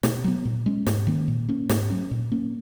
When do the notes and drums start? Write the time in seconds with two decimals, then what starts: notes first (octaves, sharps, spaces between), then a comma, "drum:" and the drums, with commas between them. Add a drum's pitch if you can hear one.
0.03 B2, drum: snare
0.24 F#3 B3
0.45 A#2
0.66 G#3 C#4
0.86 G#2, drum: snare
1.07 D#3 A#3 C#4
1.28 A#2
1.49 A#3 C#4
1.69 G#2, drum: snare
1.90 F#3 C#4
2.11 A#2
2.32 A#3 C#4